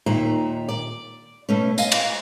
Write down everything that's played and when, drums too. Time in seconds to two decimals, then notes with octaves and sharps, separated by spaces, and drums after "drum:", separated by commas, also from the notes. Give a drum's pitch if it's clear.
0.06 D#2 A#2 D#3 E5 A#5
0.69 D5
1.49 B2 A3 C#4
1.78 D#5 F5 G#5, drum: tambourine
1.92 drum: cymbal